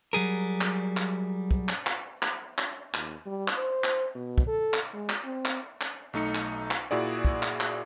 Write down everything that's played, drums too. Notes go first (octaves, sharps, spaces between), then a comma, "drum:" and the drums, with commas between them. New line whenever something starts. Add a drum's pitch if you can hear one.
F#3 G3 G#4 A#4
drum: clap
drum: clap
drum: kick
drum: clap
drum: clap
drum: clap
drum: clap
D#2, drum: clap
G3
drum: clap
C5
drum: clap
B2
drum: kick
A4
drum: clap
G#3
drum: clap
C4
drum: clap
drum: clap
B1 A3 D#4 C#7
drum: clap
drum: clap
A#2 E4 F#4 G#4 D5
drum: kick
drum: clap
drum: clap